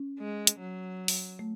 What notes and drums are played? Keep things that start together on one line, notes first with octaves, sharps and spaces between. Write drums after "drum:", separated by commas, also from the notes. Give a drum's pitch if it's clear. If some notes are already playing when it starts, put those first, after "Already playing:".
Already playing: C#4
G#3
drum: hi-hat
F#3
drum: open hi-hat
A3